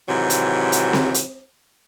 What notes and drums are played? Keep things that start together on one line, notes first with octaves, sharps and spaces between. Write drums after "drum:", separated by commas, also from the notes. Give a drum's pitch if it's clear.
G#2 C3 D#3 E3 F#3
drum: hi-hat
drum: hi-hat
drum: snare C4
drum: hi-hat